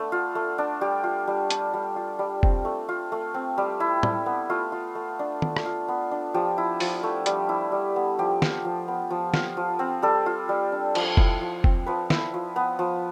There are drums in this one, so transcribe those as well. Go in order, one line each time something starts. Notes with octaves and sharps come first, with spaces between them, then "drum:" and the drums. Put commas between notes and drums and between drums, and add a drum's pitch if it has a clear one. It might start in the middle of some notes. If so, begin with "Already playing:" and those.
Already playing: A3 B3 D4 A4
F4
A3
D4
G3 G4
F4
G3
D4, drum: hi-hat
G3
F4
G3
C4, drum: kick F1
A3
F4
A3
C4
G3
E4
G3, drum: tom
B3
A3 F4
F4
A3
D4
B3, drum: tom
drum: rim click
F4
B3
D4
F3 G4
E4
F3, drum: open hi-hat
A3
G3, drum: hi-hat
E4
G3
B3
F3 G4
F4, drum: snare
F3
B3
F3
F4, drum: snare
F3
C4
G3 A4
F4
G3
D4
F3, drum: cymbal
E4, drum: kick F1
F3
C4, drum: kick F1
F3 B4
E4, drum: snare
F3
B3
F3